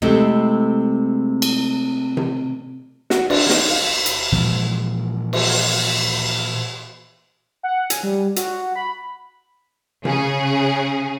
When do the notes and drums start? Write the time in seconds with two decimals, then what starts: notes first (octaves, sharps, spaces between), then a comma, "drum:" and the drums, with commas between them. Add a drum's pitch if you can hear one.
0.02 C3 G#3 A3 C4 E4
1.42 drum: cymbal
2.17 drum: tom C3
3.10 F#4, drum: snare
3.30 D4, drum: cymbal
3.50 D#4, drum: snare
3.69 F5
4.06 drum: hi-hat
4.32 A#2 E3 F3 G#3
5.33 drum: cymbal
7.63 F#5
7.90 G#5, drum: hi-hat
8.03 G3
8.36 F#4, drum: hi-hat
8.76 B5
10.05 C#3 G#4, drum: tom C3